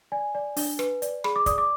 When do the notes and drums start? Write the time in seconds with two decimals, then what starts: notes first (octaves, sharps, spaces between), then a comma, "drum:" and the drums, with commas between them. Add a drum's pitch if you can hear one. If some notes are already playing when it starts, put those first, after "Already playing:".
0.12 D5 G#5
0.35 D5
0.57 D4, drum: open hi-hat
0.79 B4, drum: rim click
1.02 D5, drum: hi-hat
1.24 G#4 B5, drum: rim click
1.36 D6
1.46 D5 D#6, drum: kick, hi-hat
1.58 D6